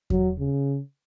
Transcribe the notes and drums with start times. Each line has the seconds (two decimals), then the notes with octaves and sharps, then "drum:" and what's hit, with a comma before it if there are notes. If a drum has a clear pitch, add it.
0.10 F#3, drum: kick E2
0.39 C#3